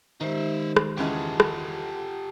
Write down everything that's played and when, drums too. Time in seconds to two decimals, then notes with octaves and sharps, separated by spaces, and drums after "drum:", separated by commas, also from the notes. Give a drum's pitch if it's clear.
0.21 D#3 G#3 D#4 G4 C5 E5
0.77 drum: rim click
0.98 E2 C#3 G#3 F4 G4 A4 F#5
1.40 drum: rim click